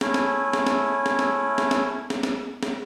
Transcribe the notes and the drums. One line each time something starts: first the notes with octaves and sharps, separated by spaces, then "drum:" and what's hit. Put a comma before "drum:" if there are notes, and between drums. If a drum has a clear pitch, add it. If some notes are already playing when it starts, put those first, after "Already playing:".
A3 C#4 E4, drum: snare
drum: snare
drum: snare
drum: snare
drum: snare
drum: snare
drum: snare
drum: snare
drum: snare
drum: snare
drum: snare